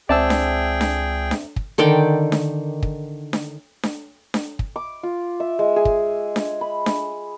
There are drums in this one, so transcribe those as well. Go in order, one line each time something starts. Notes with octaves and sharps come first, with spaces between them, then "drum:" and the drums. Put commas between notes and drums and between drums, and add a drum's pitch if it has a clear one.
C#2 C4 G#4 D5 E5 G5 A5 E6
drum: snare D4
drum: snare D4
drum: snare D4
drum: kick
D3 D#3 D5 G5
drum: snare D4
drum: kick
drum: snare D4
drum: snare D4
drum: snare D4
drum: kick
D6
F4
E5
G#3
G#4
drum: kick
drum: snare D4
B5
drum: snare D4